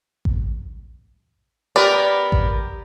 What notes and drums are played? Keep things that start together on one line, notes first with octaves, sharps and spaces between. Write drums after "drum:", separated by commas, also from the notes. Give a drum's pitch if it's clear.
drum: kick A1
B3 G4 A#4 B4 D5
drum: kick A1